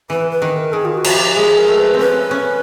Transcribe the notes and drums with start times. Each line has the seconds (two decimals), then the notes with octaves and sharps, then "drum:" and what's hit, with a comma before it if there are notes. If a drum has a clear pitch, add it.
0.10 E3 B4
0.31 B4
0.42 D#3
0.52 B4
0.57 A#4
0.73 D#3 G#4
0.85 F4
0.94 G4
0.97 F#4
1.04 F3, drum: cymbal
1.15 G4
1.36 G#3 G#4
1.58 A#4
1.68 A3
1.78 B4
1.94 C4
1.99 C#4 B4
2.31 C#4